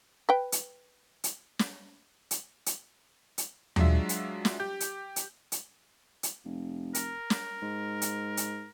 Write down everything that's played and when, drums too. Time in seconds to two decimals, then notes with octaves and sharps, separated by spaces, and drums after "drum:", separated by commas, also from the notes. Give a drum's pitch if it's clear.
0.29 B4 G5
0.52 drum: hi-hat
1.24 drum: hi-hat
1.59 drum: snare
2.31 drum: hi-hat
2.66 drum: hi-hat
3.38 drum: hi-hat
3.76 F#3 G#3 D4 F4 E5, drum: tom D#2
4.09 drum: hi-hat
4.45 drum: snare
4.60 G4 G6
4.80 drum: hi-hat
5.16 drum: hi-hat
5.52 drum: hi-hat
6.23 drum: hi-hat
6.45 F1
6.95 A#4, drum: hi-hat
7.30 drum: snare
7.62 G#2
8.02 drum: hi-hat
8.37 drum: hi-hat